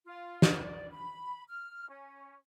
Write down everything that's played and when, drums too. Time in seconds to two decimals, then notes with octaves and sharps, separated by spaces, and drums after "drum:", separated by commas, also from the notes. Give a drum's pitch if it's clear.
0.05 F4
0.42 drum: snare
0.62 D5
0.92 B5
1.49 F6
1.88 C#4